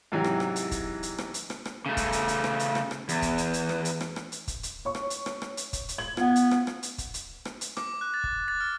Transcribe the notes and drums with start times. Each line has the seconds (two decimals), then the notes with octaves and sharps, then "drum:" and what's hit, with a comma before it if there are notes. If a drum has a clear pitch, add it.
0.12 G#2 C3 E3 F#3
0.24 drum: rim click
0.40 drum: rim click
0.56 drum: hi-hat
0.71 drum: kick, hi-hat
1.03 drum: hi-hat
1.18 drum: rim click
1.34 drum: hi-hat
1.50 drum: rim click
1.65 drum: rim click
1.86 C#3 A3
1.97 drum: kick, hi-hat
2.12 drum: hi-hat
2.28 drum: hi-hat
2.44 drum: rim click
2.59 drum: hi-hat
2.75 drum: rim click
2.91 drum: rim click
3.09 E2, drum: hi-hat
3.22 drum: kick, hi-hat
3.38 drum: hi-hat
3.53 drum: hi-hat
3.69 drum: rim click
3.85 drum: hi-hat
4.01 drum: rim click
4.16 drum: rim click
4.32 drum: hi-hat
4.48 drum: kick, hi-hat
4.63 drum: hi-hat
4.85 C#5 C#6
4.95 drum: rim click
5.10 drum: hi-hat
5.26 drum: rim click
5.42 drum: rim click
5.57 drum: hi-hat
5.73 drum: kick, hi-hat
5.89 drum: hi-hat
5.98 G#6 F#7
6.17 B3 F4 F#5, drum: rim click
6.36 drum: hi-hat
6.51 drum: rim click
6.67 drum: rim click
6.83 drum: hi-hat
6.98 drum: kick, hi-hat
7.14 drum: hi-hat
7.45 drum: rim click
7.61 drum: hi-hat
7.77 D6, drum: rim click
8.01 F#6
8.14 A6
8.24 drum: kick
8.48 A6
8.61 F6